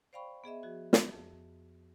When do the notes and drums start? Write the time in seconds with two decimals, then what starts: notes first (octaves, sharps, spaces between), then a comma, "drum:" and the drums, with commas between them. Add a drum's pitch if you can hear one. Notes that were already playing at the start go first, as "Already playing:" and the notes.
0.13 C5 D5 F5 G5 B5 C#6
0.44 B3 G#4 D#5 E5
0.63 F3 F#4 G#4
0.93 drum: snare
1.12 F2